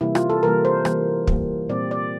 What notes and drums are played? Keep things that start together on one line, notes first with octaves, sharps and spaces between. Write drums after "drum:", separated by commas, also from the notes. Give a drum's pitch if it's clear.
C3 E3 G3 A#3 E4
F4, drum: rim click
A4
C3 E3 G3 A#3 A#4
C5
E3 G3 A#3, drum: rim click
E3 G3 A#3, drum: kick
A#2 G3 C4 D5
D5